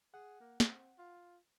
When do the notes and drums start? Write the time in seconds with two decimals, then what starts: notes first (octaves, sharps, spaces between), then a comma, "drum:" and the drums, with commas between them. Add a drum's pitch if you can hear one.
0.14 G#4 F#5
0.40 A#3
0.60 C4, drum: snare
0.98 F4